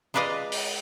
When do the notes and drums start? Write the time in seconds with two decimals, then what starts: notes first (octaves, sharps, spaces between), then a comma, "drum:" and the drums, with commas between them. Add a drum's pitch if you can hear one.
0.14 G#3 F4 B4 D5 D#5 F5
0.52 drum: open hi-hat